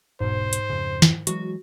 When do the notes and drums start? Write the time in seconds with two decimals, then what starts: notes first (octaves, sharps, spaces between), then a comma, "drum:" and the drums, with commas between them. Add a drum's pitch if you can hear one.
0.21 E1 G#2 B2 C5
0.53 drum: hi-hat
0.70 F2 C#3
1.02 drum: snare
1.27 E3 F#3 G#3 F#4, drum: hi-hat